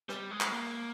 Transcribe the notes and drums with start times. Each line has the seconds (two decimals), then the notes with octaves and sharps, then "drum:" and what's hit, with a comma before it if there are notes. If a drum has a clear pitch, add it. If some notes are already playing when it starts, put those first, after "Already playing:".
0.09 G3, drum: rim click
0.31 G#3
0.41 drum: clap
0.52 A#3